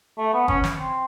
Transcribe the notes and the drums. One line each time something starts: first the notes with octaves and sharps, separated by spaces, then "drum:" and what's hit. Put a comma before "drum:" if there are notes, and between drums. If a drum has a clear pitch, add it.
A3
B3
C#4, drum: kick
drum: snare
C4